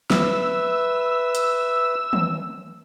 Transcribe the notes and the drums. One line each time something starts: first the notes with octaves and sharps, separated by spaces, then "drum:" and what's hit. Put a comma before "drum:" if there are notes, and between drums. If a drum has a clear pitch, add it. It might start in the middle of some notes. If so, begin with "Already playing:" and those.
B4 E5 E6, drum: snare
drum: hi-hat
drum: tom